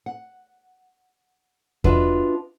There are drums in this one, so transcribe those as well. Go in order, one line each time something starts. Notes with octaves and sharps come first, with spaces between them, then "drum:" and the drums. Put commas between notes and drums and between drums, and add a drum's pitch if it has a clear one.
F#5
D4 F4 F#4 B4 D#5 E5, drum: kick E2